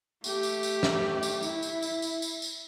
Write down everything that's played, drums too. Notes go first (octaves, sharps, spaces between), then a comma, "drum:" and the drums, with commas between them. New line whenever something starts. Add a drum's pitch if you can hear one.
A3 G4, drum: tambourine
drum: tambourine
drum: tambourine
drum: snare
drum: tambourine
E4, drum: tambourine
drum: tambourine
drum: tambourine
drum: tambourine
drum: tambourine
drum: tambourine